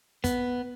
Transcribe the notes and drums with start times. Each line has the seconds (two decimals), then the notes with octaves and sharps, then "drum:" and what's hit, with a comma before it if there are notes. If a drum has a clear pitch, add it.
0.24 B3, drum: kick, hi-hat